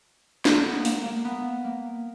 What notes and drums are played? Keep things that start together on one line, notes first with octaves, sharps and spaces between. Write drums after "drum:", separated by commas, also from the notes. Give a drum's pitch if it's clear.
A#3, drum: snare
B3
A#3, drum: open hi-hat
A#3
B3
A#3